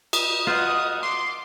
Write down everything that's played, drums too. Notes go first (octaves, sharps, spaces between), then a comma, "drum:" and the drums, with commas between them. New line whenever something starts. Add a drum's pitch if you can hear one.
D#6, drum: cymbal
F4 B4 C5 D#5 F#5
C6 D6 C7